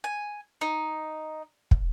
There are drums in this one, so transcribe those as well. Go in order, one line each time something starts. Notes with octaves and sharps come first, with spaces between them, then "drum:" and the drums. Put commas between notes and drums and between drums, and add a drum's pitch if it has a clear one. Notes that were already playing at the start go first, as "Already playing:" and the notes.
G#5
D#4
drum: kick